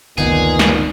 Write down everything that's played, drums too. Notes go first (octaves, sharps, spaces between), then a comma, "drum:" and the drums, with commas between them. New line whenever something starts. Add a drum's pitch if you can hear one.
F#1 D2 A#2 D#3 A#3 B3 D#4 G#4
drum: snare